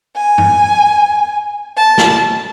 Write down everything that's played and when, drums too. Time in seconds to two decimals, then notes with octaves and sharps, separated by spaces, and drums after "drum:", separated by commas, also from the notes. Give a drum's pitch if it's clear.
0.16 G#5
0.38 drum: tom
1.77 A5
1.98 drum: snare